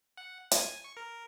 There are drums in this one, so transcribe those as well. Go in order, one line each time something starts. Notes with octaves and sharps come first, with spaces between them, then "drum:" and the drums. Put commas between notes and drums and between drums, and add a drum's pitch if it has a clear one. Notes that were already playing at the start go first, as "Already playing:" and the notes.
F#5
G#5, drum: hi-hat
C#6
A#4